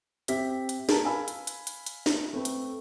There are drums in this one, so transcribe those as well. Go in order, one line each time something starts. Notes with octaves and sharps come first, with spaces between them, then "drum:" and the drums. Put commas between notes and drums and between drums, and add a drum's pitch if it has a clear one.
C4 G4 E5 B6, drum: hi-hat
drum: hi-hat
G#4 A#4 B4 A5 A#5, drum: snare
F5 G#5 B5 E6
drum: hi-hat
drum: hi-hat
drum: hi-hat
drum: hi-hat
drum: snare
A3 C4 B4
drum: hi-hat